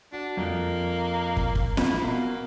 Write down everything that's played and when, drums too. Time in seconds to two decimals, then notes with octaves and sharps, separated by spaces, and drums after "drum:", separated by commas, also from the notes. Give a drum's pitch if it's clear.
0.12 D4 F#4
0.37 F2 A#3
1.37 drum: kick
1.55 drum: kick
1.77 E4 F4, drum: snare
2.01 B2 A#3